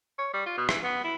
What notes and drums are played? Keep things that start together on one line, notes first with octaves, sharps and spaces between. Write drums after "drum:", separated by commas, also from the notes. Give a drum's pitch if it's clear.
C#5
G3
F4
B2
E3, drum: rim click
B3
E4